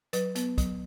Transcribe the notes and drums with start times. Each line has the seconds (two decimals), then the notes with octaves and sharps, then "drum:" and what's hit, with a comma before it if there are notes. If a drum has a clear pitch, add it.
0.13 F#3 B4, drum: hi-hat
0.35 B3, drum: hi-hat
0.58 F#3, drum: kick, hi-hat